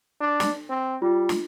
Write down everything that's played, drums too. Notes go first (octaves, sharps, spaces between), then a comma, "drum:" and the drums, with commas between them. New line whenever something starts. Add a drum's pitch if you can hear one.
D4
drum: snare
C4
G3 F4
drum: snare